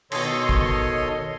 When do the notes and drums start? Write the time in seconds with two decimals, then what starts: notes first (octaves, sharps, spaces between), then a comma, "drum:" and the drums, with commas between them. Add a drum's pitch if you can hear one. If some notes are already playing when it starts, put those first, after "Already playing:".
0.12 B2 D#3 A4 C#5 D#5 C6, drum: cymbal
0.49 drum: kick